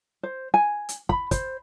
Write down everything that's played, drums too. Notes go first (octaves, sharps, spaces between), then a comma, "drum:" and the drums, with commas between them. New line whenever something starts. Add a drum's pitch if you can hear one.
C5
G#5
drum: hi-hat
B5, drum: kick
C5, drum: kick, hi-hat